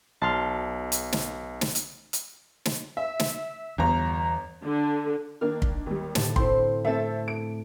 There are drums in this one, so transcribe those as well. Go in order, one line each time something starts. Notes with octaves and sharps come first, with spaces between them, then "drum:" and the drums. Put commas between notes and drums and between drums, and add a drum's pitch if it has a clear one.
B1 A5 C6 F6
drum: hi-hat
drum: snare
drum: snare
drum: hi-hat
drum: hi-hat
drum: snare
E5
drum: snare
G1 E2 A#5
D3
D#3 A#3 D4 F6
drum: kick
D#2 G3
A2 D3 A5, drum: snare
C4 E4 C6, drum: kick
A3 C4 A4 E5 A5 A6
D7